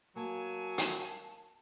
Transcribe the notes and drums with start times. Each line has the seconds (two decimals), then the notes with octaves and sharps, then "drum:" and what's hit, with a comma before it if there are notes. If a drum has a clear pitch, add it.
0.16 F#3 A#3 G#5 A5
0.78 drum: hi-hat